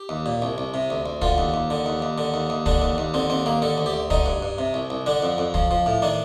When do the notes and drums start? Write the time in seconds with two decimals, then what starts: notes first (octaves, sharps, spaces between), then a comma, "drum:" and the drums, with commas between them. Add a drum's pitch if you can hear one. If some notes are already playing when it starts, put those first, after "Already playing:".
Already playing: G4
0.09 D#2
0.26 A#2
0.42 C2
0.58 C2
0.74 C3
0.90 D2
1.06 D2
1.22 D3 F4, drum: kick
1.38 D#2
1.54 D#2
1.70 D3
1.86 D#2
2.02 D#2
2.18 D3
2.34 D#2
2.50 D#2
2.66 D3 D4, drum: kick
2.82 D#2
2.98 D#2
3.14 D3 C4
3.30 D#2 C4
3.46 D#2 A#3
3.62 D3 A4
3.78 D2
3.86 G4
3.94 D2
4.10 D3 D#4, drum: kick
4.26 G2
4.42 G2
4.58 C3
4.74 C2
4.90 C2
5.06 D3 D4
5.22 F2
5.38 F2
5.54 F3, drum: kick
5.71 F3
5.86 A2
6.02 D#3 D4